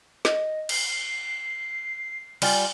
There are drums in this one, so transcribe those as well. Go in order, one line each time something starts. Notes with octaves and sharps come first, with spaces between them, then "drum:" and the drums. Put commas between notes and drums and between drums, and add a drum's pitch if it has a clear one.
D#5, drum: snare
C7, drum: cymbal
G3 F4 G#5, drum: cymbal